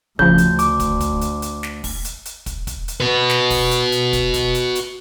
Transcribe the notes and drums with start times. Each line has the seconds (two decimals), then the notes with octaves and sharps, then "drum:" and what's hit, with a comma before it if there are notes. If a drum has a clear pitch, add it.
0.19 D2 C#3 F3 G6, drum: kick
0.38 drum: hi-hat
0.59 D6, drum: hi-hat
0.80 drum: kick, hi-hat
1.00 drum: kick, hi-hat
1.21 drum: hi-hat
1.42 drum: hi-hat
1.63 drum: snare
1.84 drum: kick, open hi-hat
2.05 drum: hi-hat
2.25 drum: hi-hat
2.46 drum: kick, hi-hat
2.67 drum: kick, hi-hat
2.88 drum: hi-hat
3.00 F#4 B4
3.30 drum: snare
3.50 drum: kick, open hi-hat
3.71 drum: hi-hat
3.92 drum: hi-hat
4.13 drum: kick, hi-hat
4.34 drum: kick, hi-hat
4.55 drum: hi-hat
4.75 drum: hi-hat